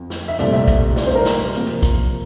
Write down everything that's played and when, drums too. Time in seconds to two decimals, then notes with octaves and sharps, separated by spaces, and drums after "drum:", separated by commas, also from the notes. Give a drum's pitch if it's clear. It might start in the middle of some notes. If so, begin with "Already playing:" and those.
Already playing: F2
0.10 drum: snare
0.28 E5
0.39 C2 A#2 A3 C4 D5, drum: hi-hat
0.53 E5
0.68 drum: kick, hi-hat
0.96 D5, drum: snare
1.07 C5
1.15 A#4
1.25 drum: snare
1.55 C3 F3 A#3, drum: hi-hat
1.83 drum: kick, hi-hat